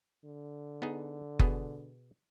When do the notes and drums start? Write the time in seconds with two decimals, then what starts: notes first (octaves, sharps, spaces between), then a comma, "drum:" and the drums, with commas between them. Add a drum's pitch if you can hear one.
0.25 D3
0.82 B3 D#4 G#4
1.39 B2 B3 G#4, drum: kick F#1